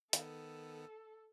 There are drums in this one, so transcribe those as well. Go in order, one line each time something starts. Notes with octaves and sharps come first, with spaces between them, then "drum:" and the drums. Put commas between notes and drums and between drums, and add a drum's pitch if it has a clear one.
D#3 B3 A4, drum: hi-hat